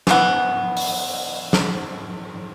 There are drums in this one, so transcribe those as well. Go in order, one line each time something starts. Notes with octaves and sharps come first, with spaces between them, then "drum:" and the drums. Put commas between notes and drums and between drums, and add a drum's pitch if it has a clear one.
E3 B3, drum: snare
drum: open hi-hat
drum: snare